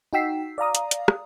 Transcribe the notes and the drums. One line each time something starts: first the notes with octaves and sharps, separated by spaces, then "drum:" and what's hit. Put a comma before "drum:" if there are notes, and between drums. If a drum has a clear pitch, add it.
D#4 F#4 G5 E6 B6 C7
D5 F5 A#5 D#6
drum: hi-hat
drum: hi-hat
drum: rim click